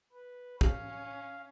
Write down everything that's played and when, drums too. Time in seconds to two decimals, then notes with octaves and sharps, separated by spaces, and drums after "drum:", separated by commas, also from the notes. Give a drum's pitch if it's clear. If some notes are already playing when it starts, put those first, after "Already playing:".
0.12 B4
0.61 C#4 F5, drum: kick